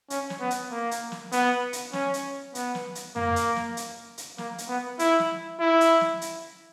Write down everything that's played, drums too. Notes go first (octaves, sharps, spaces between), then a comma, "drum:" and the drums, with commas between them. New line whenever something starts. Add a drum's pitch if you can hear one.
C#4, drum: hi-hat
drum: snare
B3
drum: hi-hat
A#3
drum: hi-hat
drum: snare
B3, drum: hi-hat
drum: hi-hat
C#4, drum: snare
drum: hi-hat
B3, drum: hi-hat
drum: snare
drum: hi-hat
A#3, drum: tom F2
drum: hi-hat
drum: snare
drum: hi-hat
drum: hi-hat
A#3, drum: snare
drum: hi-hat
B3
E4, drum: hi-hat
drum: snare
E4
drum: hi-hat
drum: snare
drum: hi-hat